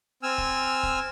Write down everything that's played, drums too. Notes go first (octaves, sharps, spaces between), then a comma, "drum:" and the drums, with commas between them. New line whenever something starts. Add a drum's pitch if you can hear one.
C4 G#5 E6 F6
drum: kick
drum: kick